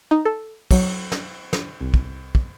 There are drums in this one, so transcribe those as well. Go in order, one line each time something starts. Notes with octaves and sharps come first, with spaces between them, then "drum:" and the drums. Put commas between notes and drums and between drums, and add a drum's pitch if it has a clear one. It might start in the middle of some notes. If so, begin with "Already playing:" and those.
D#4
A4
F#3, drum: kick, cymbal
drum: snare
drum: snare
C2
drum: kick
drum: kick